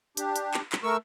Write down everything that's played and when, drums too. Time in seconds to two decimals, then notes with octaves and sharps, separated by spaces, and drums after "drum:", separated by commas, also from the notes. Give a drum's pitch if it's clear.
0.17 D4 G4, drum: hi-hat
0.36 drum: hi-hat
0.54 drum: clap
0.72 drum: clap
0.83 A3 A#4 C#6 E6